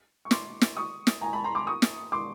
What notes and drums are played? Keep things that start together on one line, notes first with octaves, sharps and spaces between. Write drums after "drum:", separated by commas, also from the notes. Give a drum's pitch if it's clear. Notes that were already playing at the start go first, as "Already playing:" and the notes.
C#6
C6 D6, drum: snare
drum: snare
C#6 D#6
drum: snare
G#5 A#5
A5 B5
A#5 C6
C6 D6
C#6 D#6
drum: snare
C6 D6